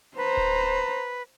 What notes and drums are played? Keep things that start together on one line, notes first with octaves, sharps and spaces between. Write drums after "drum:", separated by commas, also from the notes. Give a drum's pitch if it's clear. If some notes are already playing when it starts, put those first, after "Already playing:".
B4 C5 A#5
drum: kick D1